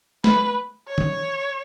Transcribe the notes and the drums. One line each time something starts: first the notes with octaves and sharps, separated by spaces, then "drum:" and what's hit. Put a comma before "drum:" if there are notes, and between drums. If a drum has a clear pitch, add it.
B4, drum: snare
C#5
drum: tom